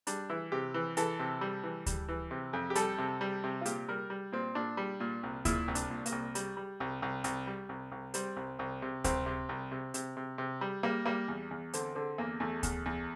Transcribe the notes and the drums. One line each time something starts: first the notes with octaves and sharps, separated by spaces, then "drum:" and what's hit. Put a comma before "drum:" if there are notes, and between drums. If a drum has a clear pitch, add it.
G3 D4, drum: hi-hat
E3 E4
C3 G4
E3
E3 A4, drum: hi-hat
C3
G3
E3
G3, drum: kick D2, hi-hat
E3
C3
F2
G4
G3 A4, drum: hi-hat
C3
G3
C3
F4
A#2 G4, drum: hi-hat
G3 A#4
G3
A#2 C4
A#2 D4
G3
A#2
C2
A#2 E4, drum: kick D2, hi-hat
C2
D4, drum: hi-hat
A#2
A#3, drum: hi-hat
C2
G3, drum: hi-hat
G3
C2
C2
C2, drum: hi-hat
G3
C2
C2
G3 C4, drum: hi-hat
C2
C2
C3
C2 C4, drum: kick D2, hi-hat
C3
C2
C3
C3, drum: hi-hat
C3
C3
G3
G3 A#3
G3 A#3
E2
E2
D3 C4, drum: hi-hat
D3 C4
E2 A#3
E2 A3
E2, drum: kick D2, hi-hat
E2